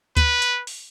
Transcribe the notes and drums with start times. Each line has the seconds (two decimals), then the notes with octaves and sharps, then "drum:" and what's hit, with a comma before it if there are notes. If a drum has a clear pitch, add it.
0.17 B4, drum: kick D2, hi-hat
0.42 drum: hi-hat
0.67 drum: open hi-hat